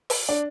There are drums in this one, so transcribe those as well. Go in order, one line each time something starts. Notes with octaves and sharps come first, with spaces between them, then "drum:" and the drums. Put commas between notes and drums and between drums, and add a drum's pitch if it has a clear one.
drum: open hi-hat
D4